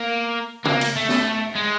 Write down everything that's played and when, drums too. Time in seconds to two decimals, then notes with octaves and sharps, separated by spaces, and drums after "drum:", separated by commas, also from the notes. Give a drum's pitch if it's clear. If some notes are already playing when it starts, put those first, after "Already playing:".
Already playing: A#3
0.65 A#3, drum: tom C#3
0.81 drum: cymbal
0.96 A3
1.09 drum: snare
1.56 G#3